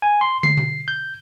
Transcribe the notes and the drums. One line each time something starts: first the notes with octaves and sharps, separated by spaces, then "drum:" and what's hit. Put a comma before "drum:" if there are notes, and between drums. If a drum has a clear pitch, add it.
G#5
C6
C7, drum: tom
drum: tom B2
G6